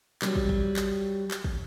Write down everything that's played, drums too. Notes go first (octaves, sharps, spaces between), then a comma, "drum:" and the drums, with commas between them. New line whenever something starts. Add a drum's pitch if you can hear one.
F#3 G3, drum: clap
drum: kick
drum: kick
drum: clap
drum: clap
drum: kick